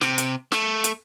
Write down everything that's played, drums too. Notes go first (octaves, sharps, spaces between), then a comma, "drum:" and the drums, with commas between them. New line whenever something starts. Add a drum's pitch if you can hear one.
C3, drum: snare
drum: hi-hat
A3, drum: snare
drum: hi-hat